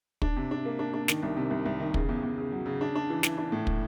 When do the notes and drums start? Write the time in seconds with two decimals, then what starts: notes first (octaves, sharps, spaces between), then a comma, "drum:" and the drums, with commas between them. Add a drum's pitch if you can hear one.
0.22 D4, drum: kick
0.36 C3
0.51 D4
0.65 A#3
0.79 D4
0.94 D4
1.08 D#3, drum: snare
1.23 C2
1.37 C3
1.51 C2
1.66 C2
1.80 D#3
1.94 C#3, drum: kick
2.09 E2
2.23 E2
2.38 C#3
2.52 F#3
2.66 C#3
2.81 D4
2.95 D4
3.10 E3
3.23 E3, drum: snare
3.38 D4
3.52 A2
3.67 drum: kick